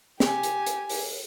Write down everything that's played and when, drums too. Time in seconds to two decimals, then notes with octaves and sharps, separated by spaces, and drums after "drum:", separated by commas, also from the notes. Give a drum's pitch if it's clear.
0.20 G4 G#5, drum: snare
0.43 drum: hi-hat
0.66 drum: hi-hat
0.89 drum: open hi-hat